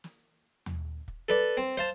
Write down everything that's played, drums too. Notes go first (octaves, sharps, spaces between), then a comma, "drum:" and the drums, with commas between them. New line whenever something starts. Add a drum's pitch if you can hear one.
drum: snare
drum: tom
drum: kick
A4 B4 D5, drum: snare
C4
C5 F5 A5